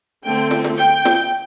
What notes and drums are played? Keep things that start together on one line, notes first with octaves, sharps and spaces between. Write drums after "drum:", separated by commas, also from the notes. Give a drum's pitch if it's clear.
D3 A3 C4 G5
drum: snare
drum: snare
G5
drum: snare